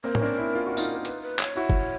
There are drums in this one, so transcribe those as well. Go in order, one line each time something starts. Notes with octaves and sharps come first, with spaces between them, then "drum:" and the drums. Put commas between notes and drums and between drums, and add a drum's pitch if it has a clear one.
A#3 C4 A#4
C#4, drum: tom
C4 D4
D4 E4
F4
F#4
D#4 F4, drum: tambourine
B4, drum: hi-hat
B4
C#5, drum: clap
E4 F#4
drum: kick G1